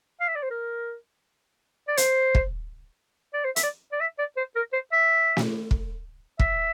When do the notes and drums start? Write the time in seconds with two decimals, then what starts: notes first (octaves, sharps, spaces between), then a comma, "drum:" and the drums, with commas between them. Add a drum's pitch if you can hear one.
0.20 F5
0.28 E5
0.35 D5
0.43 C5
0.50 A#4
1.88 D5
1.97 C5, drum: hi-hat
2.35 drum: kick
3.33 D5
3.45 C5
3.56 E5, drum: hi-hat
3.63 D5
3.92 D5
4.00 E5
4.19 D5
4.37 C5
4.56 A#4
4.73 C5
4.92 E5
5.37 drum: snare
5.71 drum: kick
6.39 E5, drum: kick